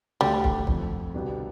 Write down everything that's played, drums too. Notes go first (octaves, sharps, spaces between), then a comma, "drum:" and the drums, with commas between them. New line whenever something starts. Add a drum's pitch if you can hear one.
D2 D3 G3 A3
drum: kick
F2 D3 F3, drum: kick
C2 B2 B3 D4 G4